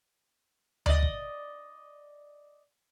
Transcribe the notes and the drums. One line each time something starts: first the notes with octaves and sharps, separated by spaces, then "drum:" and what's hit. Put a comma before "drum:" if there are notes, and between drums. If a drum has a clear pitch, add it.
D5 D#5, drum: tom D2
drum: kick G#1